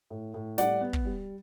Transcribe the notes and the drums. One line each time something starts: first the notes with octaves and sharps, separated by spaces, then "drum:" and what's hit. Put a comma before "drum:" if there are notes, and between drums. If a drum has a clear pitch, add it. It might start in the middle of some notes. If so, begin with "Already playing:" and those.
A2
A2
G3 D5 F#5, drum: snare
B3
drum: kick
G3